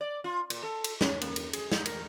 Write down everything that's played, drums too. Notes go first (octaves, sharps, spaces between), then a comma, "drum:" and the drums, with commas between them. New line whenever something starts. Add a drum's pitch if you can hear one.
D5
F4
A#2, drum: cymbal
A4
drum: cymbal
C#4, drum: snare
A#3, drum: cymbal
drum: cymbal
G#4, drum: cymbal
D#4, drum: snare
A#4, drum: cymbal